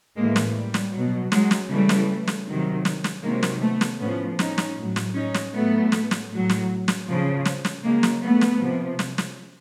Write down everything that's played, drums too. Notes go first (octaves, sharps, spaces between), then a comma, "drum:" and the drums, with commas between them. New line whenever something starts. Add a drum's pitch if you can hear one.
A2 E3 G#3 A#3
drum: snare
G3
drum: snare
B2 F#3
F#3 G#3, drum: snare
drum: snare
C#3 E3 G3 A3
drum: snare
drum: snare
C3 D#3 F#3
drum: snare
drum: snare
C3 D#3 F#3 G#3 A#3
drum: snare
A3 B3
drum: snare
A2 F3 B3 C#4
C#4 D#4, drum: snare
drum: snare
A2 F#3
drum: snare
C#4 D#4
drum: snare
A2 F#3 A3 B3
drum: snare
drum: snare
A2 F#3
drum: snare
drum: snare
C#3 F3
drum: snare
drum: snare
C#3 F#3 G#3 A#3
drum: snare
A3 B3
drum: snare
C3 F3
drum: snare
drum: snare